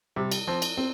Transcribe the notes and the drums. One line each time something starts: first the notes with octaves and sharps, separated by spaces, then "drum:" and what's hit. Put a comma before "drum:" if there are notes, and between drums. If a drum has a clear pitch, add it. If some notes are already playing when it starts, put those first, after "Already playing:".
C3 G3
drum: cymbal
F3 C4
drum: cymbal
C4